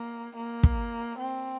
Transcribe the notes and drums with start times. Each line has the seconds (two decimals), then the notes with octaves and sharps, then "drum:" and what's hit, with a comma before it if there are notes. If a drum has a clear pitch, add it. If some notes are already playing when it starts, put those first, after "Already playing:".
Already playing: A#3
0.36 A#3
0.63 drum: kick
1.19 C4